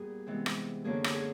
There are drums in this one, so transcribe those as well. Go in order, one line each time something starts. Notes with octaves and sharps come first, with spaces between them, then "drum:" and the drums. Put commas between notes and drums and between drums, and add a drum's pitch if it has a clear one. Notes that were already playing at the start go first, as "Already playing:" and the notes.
Already playing: A#2 G3 B3 G#4
C3 E3 G#3 B3
drum: rim click
F#2 D3 F#3 A#3 G#4
drum: rim click
G#4